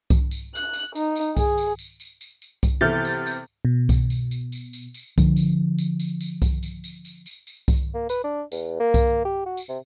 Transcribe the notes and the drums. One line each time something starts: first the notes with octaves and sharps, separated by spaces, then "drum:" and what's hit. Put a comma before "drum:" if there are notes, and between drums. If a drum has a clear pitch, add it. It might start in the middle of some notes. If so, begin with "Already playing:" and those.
drum: kick C2, tambourine
drum: tambourine
F#6, drum: tambourine
drum: tambourine
D#4, drum: tambourine
drum: tambourine
G#4, drum: kick C2, tambourine
drum: tambourine
drum: tambourine
drum: tambourine
drum: tambourine
drum: tambourine
drum: kick C2, tambourine
C3 E3 B3 A4 E5 F6 G6 A6
drum: tambourine
drum: tambourine
B2
drum: kick C2, tambourine
drum: tambourine
drum: tambourine
drum: tambourine
drum: tambourine
drum: tambourine
D3 F3, drum: kick C2, tambourine
drum: tambourine
drum: tambourine
drum: tambourine
drum: tambourine
drum: kick C2, tambourine
drum: tambourine
drum: tambourine
drum: tambourine
drum: tambourine
drum: tambourine
drum: kick C2, tambourine
A#3
B4, drum: tambourine
D4
E2, drum: tambourine
A#3
drum: kick C2, tambourine
G4
F#4
drum: tambourine
C3